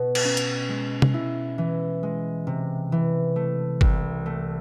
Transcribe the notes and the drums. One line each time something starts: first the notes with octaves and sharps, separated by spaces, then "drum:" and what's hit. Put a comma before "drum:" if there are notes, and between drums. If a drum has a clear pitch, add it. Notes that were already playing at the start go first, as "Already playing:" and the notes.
Already playing: B2
drum: cymbal
C#4
drum: hi-hat
G#3
drum: tom C3
E4
E3
G#3
C3
E3
A3
C2, drum: kick
A3